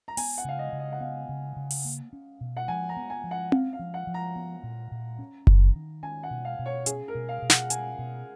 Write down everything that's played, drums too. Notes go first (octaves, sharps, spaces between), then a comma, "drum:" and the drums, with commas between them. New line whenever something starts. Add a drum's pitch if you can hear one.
A#5
B3 G#5, drum: open hi-hat
F#5
C#3 F5
D#5
C#3
D#5
F#5
B3 F5
C#3
C#3
drum: open hi-hat
A#3
C#4
B2
F#5
F3 G#5
A#5
B3
G#5
F3
F#5
C#4 F5, drum: tom C4
F5
F3
F#5
F3
A#5
B3
A#2
A#2
C#4
D#3, drum: kick F#1
D#3
C#4 G#5
F#5
B2
F5
B2
C#5
C#4 G#4, drum: hi-hat
A#4
B2
F5
B2
F#5, drum: snare
C#4 G#5, drum: hi-hat
B2